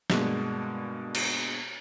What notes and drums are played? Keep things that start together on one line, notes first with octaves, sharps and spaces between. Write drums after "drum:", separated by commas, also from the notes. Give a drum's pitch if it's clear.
G2 B2 G#3 A#3 D4, drum: snare
drum: cymbal